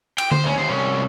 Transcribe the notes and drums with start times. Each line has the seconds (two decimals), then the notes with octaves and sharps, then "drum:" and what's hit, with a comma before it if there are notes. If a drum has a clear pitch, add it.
0.18 G5, drum: cymbal
0.31 C5, drum: tom D3
0.44 D2 C#4
0.57 D#2 C5
0.69 C2 C#4